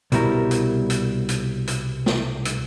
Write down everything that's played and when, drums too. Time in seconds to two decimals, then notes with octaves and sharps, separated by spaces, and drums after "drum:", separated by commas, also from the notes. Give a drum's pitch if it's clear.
0.12 C2 B2 G3 E4 A#4, drum: hi-hat
0.51 drum: hi-hat
0.90 drum: hi-hat
1.29 drum: hi-hat
1.67 drum: hi-hat
2.06 drum: snare
2.45 drum: hi-hat